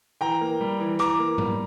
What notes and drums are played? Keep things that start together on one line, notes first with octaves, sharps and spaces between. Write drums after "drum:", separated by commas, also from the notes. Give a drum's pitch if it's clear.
E3 G5 A#5
A#3
G3
E3
E3 A#5 D6, drum: hi-hat
A#3
G3, drum: tom